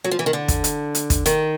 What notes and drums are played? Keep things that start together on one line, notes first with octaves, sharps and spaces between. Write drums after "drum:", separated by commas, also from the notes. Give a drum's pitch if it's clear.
F#3
F3
E3
D#3
D3
drum: kick, hi-hat
drum: hi-hat
drum: hi-hat
drum: kick, hi-hat
D#3, drum: hi-hat